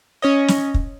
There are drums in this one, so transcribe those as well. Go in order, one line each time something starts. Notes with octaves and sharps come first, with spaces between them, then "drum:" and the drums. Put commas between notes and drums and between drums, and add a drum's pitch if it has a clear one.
C#4 C#5 D#5
drum: snare
drum: kick